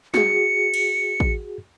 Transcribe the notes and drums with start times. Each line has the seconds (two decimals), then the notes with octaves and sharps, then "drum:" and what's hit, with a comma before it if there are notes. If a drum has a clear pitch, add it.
0.14 F#4 G#4 C#7, drum: snare
0.74 drum: cymbal
1.20 drum: kick A1